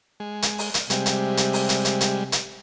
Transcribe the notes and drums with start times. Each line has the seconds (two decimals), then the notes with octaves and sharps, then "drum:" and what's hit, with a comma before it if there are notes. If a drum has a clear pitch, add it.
0.20 G#3
0.42 drum: hi-hat
0.58 drum: open hi-hat
0.74 drum: hi-hat
0.90 C3 G3 G#3, drum: hi-hat
1.06 drum: hi-hat
1.37 drum: hi-hat
1.53 drum: open hi-hat
1.69 drum: hi-hat
1.85 drum: hi-hat
2.01 drum: hi-hat
2.32 drum: hi-hat